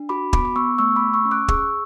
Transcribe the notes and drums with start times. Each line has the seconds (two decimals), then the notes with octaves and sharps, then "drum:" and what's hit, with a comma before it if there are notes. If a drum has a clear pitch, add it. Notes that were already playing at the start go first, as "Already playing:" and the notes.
Already playing: D4
0.09 F#4 B5 D6
0.33 B3 B5 D6, drum: kick
0.45 D6
0.56 B3 C#6 E6
0.78 A3 C#6 E6
0.96 B5 D6
1.02 A3
1.14 C#6 E6
1.25 C#4
1.31 D6 F#6
1.48 G#4 C#6 E6, drum: kick